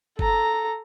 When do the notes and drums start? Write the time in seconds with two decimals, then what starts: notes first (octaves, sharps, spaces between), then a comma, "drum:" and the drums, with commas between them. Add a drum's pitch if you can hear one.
0.19 A4 A#5, drum: kick F#1